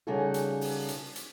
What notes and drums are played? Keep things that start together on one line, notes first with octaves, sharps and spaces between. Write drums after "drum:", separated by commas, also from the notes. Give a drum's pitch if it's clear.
C#3 G3 D#4 F#4 G#4 A4
drum: hi-hat
drum: open hi-hat
drum: hi-hat
drum: hi-hat